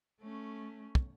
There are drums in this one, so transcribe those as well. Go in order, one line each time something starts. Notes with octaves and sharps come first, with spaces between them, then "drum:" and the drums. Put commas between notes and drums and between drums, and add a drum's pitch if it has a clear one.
A3 C#4
drum: kick